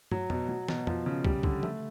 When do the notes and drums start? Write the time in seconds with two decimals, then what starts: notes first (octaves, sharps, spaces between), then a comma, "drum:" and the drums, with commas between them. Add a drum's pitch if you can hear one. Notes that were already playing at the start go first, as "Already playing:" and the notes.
0.11 F#3, drum: tom
0.30 B2, drum: tom F2
0.49 F#3
0.68 B2, drum: snare
0.87 F3, drum: tom F2
1.06 C#3
1.25 G3, drum: kick
1.43 D3, drum: kick
1.63 A3, drum: tom